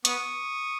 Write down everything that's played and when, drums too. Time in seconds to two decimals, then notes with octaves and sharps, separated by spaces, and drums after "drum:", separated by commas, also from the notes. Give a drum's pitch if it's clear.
0.05 B3 C#6 D#6, drum: hi-hat